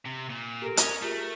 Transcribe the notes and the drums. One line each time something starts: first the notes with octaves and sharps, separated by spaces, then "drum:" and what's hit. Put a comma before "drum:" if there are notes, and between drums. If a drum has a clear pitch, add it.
C3
A#2
G4 A4 A#4 D7
C#4 D#6 C#7, drum: hi-hat
A3 F4 G4 G#4